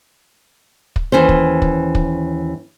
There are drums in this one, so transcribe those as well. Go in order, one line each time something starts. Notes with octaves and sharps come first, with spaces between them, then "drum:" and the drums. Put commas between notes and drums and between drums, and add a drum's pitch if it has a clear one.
drum: kick
D#2 E3 C#4 C5
drum: kick
drum: kick
drum: kick